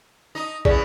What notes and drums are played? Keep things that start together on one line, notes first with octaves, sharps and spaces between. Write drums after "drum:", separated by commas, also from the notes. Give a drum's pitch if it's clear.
D#4 D#5
C#3 E3 B3 G#4 D5, drum: kick